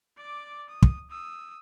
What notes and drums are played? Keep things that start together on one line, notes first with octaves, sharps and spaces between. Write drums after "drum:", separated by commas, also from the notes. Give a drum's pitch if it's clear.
D5 D6
D#6
drum: kick
D#6 E6